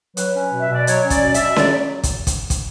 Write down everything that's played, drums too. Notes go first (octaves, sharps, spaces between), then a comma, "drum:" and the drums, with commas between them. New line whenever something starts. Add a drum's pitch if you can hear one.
F#3 B4, drum: hi-hat
C#4
B2
E5
B2 D5
F#3 C#5, drum: hi-hat
C#4
D5, drum: kick, hi-hat
B2
E5, drum: hi-hat
B2
F#3 D5, drum: snare C#4
drum: kick, hi-hat
drum: kick, hi-hat
drum: kick, hi-hat